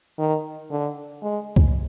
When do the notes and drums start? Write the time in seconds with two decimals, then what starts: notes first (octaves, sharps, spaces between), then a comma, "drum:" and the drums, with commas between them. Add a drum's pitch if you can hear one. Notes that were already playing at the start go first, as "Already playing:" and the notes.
0.19 D#3
0.71 D3
1.22 G#3
1.56 drum: kick C#2